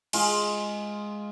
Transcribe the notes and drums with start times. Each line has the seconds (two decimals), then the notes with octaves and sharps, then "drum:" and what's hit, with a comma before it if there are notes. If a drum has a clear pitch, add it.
0.13 G#3 F4, drum: cymbal